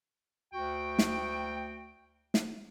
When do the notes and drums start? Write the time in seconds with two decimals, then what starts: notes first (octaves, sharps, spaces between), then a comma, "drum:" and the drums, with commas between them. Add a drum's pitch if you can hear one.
0.53 D2 F#4 G5
0.99 drum: snare
2.34 drum: snare